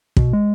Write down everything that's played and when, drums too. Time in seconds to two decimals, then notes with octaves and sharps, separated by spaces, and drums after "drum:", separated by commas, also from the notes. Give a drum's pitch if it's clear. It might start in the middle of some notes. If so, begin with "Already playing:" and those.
0.17 B2, drum: kick
0.33 G#3